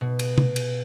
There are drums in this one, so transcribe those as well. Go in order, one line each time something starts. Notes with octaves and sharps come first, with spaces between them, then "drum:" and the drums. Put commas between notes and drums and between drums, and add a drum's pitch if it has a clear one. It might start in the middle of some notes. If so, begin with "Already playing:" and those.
B2
drum: cymbal
drum: tom C3
drum: cymbal